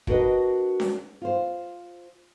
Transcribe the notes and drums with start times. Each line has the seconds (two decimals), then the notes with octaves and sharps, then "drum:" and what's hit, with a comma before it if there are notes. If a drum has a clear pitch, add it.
0.07 D4 F#4 A#4 B4 D#5, drum: kick
0.80 drum: snare C#4
1.22 F4 C5